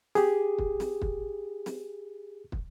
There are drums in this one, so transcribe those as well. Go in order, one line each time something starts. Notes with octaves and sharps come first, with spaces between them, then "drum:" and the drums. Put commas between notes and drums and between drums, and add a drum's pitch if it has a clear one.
G4 G#4, drum: snare
drum: kick
drum: snare
drum: kick
drum: snare
drum: kick